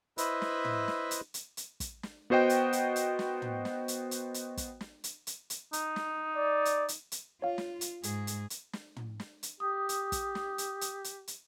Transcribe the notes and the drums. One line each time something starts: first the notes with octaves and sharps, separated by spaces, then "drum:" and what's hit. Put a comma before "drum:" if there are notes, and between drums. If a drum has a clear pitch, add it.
E4 B4 C5 D#5 E5 B5, drum: hi-hat
drum: snare
drum: tom
drum: snare
drum: hi-hat
drum: hi-hat
drum: hi-hat
drum: kick, hi-hat
drum: snare
B3 F#4 C5 D#5 G5
drum: hi-hat
drum: hi-hat
drum: hi-hat
drum: snare
drum: tom
drum: snare
drum: hi-hat
drum: hi-hat
drum: hi-hat
drum: kick, hi-hat
drum: snare
drum: hi-hat
drum: hi-hat
drum: hi-hat
D#4, drum: hi-hat
drum: snare
D5
drum: hi-hat
drum: hi-hat
drum: hi-hat
F4 C#5 F5
drum: snare
drum: hi-hat
G#2 G#4, drum: hi-hat
drum: hi-hat
drum: hi-hat
drum: snare
drum: tom
drum: snare
drum: hi-hat
G4 D#6
drum: hi-hat
drum: kick, hi-hat
drum: snare
drum: hi-hat
drum: hi-hat
drum: hi-hat
drum: hi-hat